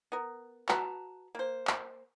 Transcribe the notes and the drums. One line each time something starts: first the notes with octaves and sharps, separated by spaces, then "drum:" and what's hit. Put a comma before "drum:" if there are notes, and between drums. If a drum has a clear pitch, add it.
B3 A#4
F#4 B4 A5 A#5, drum: clap
A#3 C5
drum: clap